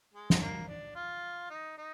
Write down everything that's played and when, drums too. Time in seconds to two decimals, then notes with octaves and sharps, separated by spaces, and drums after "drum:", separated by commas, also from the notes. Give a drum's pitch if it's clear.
0.14 G#3
0.30 drum: snare
0.41 A#3
0.68 D4
0.95 F4
1.50 D#4
1.78 D#4